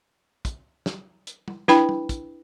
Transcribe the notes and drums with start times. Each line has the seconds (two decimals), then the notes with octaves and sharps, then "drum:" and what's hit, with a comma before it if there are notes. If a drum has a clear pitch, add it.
0.45 drum: kick, hi-hat
0.86 drum: snare
1.27 drum: hi-hat
1.48 drum: tom
1.68 D4 E4 B4 G5 B5, drum: snare
1.89 drum: tom
2.09 drum: kick, hi-hat